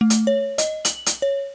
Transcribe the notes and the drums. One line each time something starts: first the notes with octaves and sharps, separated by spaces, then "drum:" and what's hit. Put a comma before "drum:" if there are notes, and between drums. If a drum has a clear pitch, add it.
A3
drum: hi-hat
C#5
D#5, drum: hi-hat
F#7, drum: hi-hat
drum: hi-hat
C#5